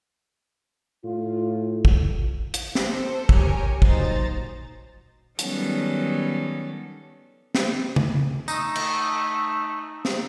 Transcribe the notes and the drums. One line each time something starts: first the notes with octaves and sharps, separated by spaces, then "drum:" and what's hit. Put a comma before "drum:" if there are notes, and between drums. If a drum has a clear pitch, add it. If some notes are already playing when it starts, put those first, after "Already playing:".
A2 F4
drum: kick
drum: hi-hat
drum: snare
A4 C5
G4 A#4 C#5 G#5, drum: kick
A#2 F#3 D#4 C5 A#5 A6, drum: kick
D#3 F#3 G3 B3 C#4 A4, drum: hi-hat
drum: snare
drum: tom
A3 D#4, drum: tambourine
drum: cymbal
drum: snare